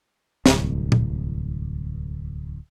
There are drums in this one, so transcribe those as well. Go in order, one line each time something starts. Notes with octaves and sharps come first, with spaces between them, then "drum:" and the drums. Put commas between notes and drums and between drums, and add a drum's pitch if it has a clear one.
D1 C2, drum: snare
drum: tom A#2